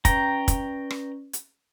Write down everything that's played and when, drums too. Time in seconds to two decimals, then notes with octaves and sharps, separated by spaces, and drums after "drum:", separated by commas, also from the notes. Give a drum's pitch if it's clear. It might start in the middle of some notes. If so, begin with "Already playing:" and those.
0.05 C#4 B4 D5 G5 A#5, drum: kick, hi-hat
0.48 drum: kick, hi-hat
0.91 drum: rim click
1.33 drum: hi-hat